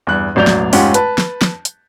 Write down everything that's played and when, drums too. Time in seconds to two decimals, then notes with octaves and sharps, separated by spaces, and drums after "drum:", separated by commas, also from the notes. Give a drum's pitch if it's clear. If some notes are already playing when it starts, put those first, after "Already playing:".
0.07 E2 G2 F#6
0.35 E1 A1 F#3 D5 G6 F7
0.47 drum: snare
0.73 F1 G#2 C#4 F4 G4 F#5, drum: open hi-hat
0.94 B4 A5, drum: hi-hat
1.18 drum: snare
1.42 drum: snare
1.65 drum: hi-hat